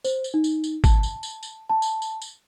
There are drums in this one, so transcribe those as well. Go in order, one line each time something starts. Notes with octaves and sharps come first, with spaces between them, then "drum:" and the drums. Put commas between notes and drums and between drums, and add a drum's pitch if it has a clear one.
C5, drum: tambourine
drum: tambourine
D#4
drum: tambourine
drum: tambourine
A5, drum: kick, tambourine
drum: tambourine
drum: tambourine
drum: tambourine
A5
drum: tambourine
drum: tambourine
drum: tambourine